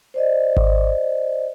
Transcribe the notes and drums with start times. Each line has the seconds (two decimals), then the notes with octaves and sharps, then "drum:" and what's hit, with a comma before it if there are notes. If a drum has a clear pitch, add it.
0.14 C5 D5 D#5
0.57 drum: kick G#1